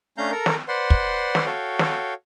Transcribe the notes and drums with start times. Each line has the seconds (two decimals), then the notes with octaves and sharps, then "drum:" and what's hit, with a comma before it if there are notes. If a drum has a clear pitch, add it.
0.18 A3 C#4 D4 F5 A#5 G6
0.32 A4 A#4 A#5
0.46 drum: snare
0.68 B4 C5 D5 F#5 C6
0.90 drum: kick
1.35 drum: snare
1.46 F#4 A4 C#5 F5 G5
1.79 drum: snare